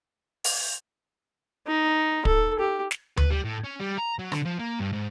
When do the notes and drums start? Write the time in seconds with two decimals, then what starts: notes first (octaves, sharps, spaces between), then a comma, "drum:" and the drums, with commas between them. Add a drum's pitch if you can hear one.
0.44 drum: open hi-hat
1.67 D#4
2.25 A4, drum: kick
2.59 G4
2.91 drum: snare
3.17 B4, drum: tom D2
3.31 G3
3.45 A2
3.64 C#4
3.80 G3
3.98 A#5
4.19 F#3
4.32 D3, drum: rim click
4.45 F3
4.59 A#3
4.79 G2
4.92 G#2